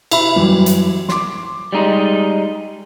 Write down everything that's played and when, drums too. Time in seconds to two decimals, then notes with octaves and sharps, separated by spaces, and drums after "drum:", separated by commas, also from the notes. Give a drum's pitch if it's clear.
0.11 E4 E5 B5, drum: cymbal
0.36 F#2 E3 G3
0.66 drum: hi-hat
1.09 C6 D6, drum: snare
1.73 G3 G#3 D#4